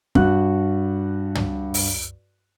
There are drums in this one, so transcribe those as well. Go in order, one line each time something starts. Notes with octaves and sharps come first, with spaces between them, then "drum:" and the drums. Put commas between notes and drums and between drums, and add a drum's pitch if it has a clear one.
G2 F#4 F#6, drum: kick
drum: tom
drum: open hi-hat